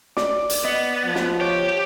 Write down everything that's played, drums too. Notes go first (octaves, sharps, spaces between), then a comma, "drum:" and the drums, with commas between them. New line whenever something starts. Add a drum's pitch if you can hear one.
D5 D6, drum: snare
drum: hi-hat
B3 D#5 C#7
F3
drum: snare
G4 C#5